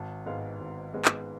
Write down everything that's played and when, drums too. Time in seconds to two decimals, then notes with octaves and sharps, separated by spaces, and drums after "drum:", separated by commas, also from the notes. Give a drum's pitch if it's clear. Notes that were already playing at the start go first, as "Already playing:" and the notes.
Already playing: G#1 A5
0.26 G#2 G#3 B3 F5
0.60 G#1
0.94 G#2 G#3 B3
1.05 drum: clap